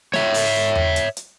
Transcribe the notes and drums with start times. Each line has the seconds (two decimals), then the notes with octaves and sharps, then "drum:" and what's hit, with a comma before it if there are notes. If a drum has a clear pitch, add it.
0.14 C#5 E5, drum: snare
0.34 drum: open hi-hat
0.75 drum: tom E2
0.96 drum: hi-hat
1.17 drum: hi-hat